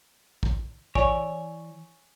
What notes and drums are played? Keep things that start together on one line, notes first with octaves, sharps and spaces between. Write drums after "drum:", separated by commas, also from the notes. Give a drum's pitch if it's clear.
drum: kick
E3 E4 C#5 D5 G#5, drum: kick